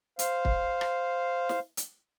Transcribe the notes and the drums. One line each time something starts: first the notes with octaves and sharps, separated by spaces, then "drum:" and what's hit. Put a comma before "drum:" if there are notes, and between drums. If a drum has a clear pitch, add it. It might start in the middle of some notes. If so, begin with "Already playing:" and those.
C5 F5, drum: hi-hat
drum: kick
drum: rim click
drum: snare
drum: hi-hat